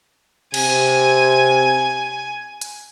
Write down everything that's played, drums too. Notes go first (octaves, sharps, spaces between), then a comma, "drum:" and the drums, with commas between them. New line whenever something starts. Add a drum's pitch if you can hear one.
C3 G#5, drum: cymbal
drum: hi-hat